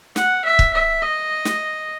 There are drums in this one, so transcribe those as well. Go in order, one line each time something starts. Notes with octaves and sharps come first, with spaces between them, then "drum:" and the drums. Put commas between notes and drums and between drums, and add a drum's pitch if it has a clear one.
F#5, drum: snare
E5
drum: kick
E5
D#5
drum: snare